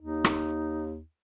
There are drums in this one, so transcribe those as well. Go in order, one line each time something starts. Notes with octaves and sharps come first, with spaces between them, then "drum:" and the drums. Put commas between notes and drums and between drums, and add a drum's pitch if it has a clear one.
D#2 D#4
drum: rim click